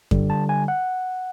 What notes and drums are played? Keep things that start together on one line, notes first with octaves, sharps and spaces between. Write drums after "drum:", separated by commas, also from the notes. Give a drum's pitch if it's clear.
D3 G3, drum: kick F#2
A5
G#5
F#5